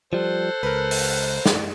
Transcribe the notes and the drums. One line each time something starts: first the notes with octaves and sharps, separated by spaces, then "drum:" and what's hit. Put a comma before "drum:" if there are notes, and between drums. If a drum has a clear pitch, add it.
F3 G3 A4 C5 F#6
C#2 A#4 B4
drum: open hi-hat
drum: snare